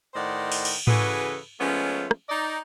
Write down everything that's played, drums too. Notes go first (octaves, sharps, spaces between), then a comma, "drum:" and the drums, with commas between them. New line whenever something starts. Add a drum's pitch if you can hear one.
A2 D#3 C5 D5 D#5 F#5
drum: open hi-hat
drum: cymbal
C#3 E3 F#4 G#4 A4 B4, drum: tom G#2
F3 G#3 A3 B3 C#4
drum: rim click
D#4 D5 D#5